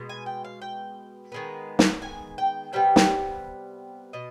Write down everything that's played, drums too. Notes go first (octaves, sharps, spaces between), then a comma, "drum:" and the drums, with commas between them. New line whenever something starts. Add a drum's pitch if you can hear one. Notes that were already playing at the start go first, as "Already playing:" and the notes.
Already playing: B2 G#3
G#5
G5
F5
G5
D#3 G#3 B3
drum: snare
G#5
G5
C3 G3 B3 G5
drum: snare
B2 D#5